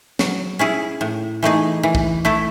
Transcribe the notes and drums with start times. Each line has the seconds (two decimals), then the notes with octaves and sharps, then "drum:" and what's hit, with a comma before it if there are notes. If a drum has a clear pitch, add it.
0.19 F#3, drum: snare
0.59 C#4 E4 G#4
1.01 A2
1.43 E3 A3 D#4 G#4
1.83 E3
1.95 drum: kick
2.25 A3 E4 A4